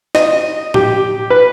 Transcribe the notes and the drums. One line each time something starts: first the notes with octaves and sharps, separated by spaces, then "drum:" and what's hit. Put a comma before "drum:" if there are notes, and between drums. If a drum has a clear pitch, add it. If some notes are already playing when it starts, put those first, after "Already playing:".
D#5, drum: snare
G4, drum: tom A2
B4